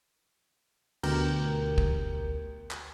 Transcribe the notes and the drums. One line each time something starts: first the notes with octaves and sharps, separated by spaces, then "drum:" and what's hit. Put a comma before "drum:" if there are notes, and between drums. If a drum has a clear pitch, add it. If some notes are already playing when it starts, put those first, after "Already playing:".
D2 B2 G4 A#4 G6, drum: cymbal
drum: kick
drum: clap